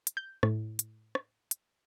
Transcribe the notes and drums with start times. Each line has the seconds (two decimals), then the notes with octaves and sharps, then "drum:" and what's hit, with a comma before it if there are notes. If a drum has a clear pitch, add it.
0.07 drum: hi-hat
0.17 G6
0.43 A2, drum: rim click
0.79 drum: hi-hat
1.15 drum: rim click
1.51 drum: hi-hat